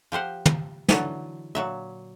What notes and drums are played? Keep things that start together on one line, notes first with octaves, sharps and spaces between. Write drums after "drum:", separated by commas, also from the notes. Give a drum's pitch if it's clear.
F3 G4 C5 F#5
drum: tom
D3 E3 F#3 A4, drum: snare
A#2 F#3 E5